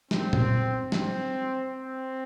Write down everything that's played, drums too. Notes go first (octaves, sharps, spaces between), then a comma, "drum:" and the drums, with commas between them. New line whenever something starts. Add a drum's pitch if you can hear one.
C4, drum: snare
drum: tom
C4, drum: snare
C4